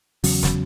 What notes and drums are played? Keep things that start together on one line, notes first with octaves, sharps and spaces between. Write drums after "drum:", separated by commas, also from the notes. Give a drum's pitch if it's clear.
E2 C#3 F#3, drum: open hi-hat
drum: snare